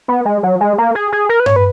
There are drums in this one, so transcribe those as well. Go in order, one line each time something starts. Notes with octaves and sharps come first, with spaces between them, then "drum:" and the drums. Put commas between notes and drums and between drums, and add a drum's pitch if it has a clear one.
B3
G#3
F#3
G#3
A#3
G#4
G#4
A#4
B4
C#5, drum: tom G2
B4